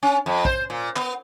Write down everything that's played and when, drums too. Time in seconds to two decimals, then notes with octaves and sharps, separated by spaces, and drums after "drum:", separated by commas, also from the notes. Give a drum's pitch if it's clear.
0.03 C#4
0.26 F2
0.45 C5, drum: kick
0.70 A#2
0.96 B3, drum: clap